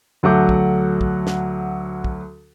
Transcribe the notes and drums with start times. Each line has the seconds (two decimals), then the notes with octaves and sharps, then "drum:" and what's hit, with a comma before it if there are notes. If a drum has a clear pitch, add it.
0.23 D2 F#3 A4 F#5 D6 G6
0.49 drum: kick
1.01 drum: kick
1.27 drum: snare
2.04 drum: kick